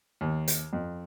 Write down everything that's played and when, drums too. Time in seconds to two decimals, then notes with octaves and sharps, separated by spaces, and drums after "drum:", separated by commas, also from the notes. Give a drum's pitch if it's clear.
0.21 D#2
0.48 drum: hi-hat
0.73 F2